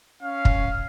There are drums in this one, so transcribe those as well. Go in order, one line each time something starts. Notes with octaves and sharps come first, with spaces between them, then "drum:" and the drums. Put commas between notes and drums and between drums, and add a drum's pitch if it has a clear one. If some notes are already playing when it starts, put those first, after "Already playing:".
C#4 F5
drum: kick